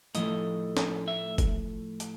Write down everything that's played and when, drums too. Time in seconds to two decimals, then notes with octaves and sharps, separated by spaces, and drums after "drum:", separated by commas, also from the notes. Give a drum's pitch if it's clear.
0.15 A2 F3 A3 D#5, drum: hi-hat
0.77 drum: snare
1.08 E5
1.38 drum: kick, hi-hat
2.00 drum: hi-hat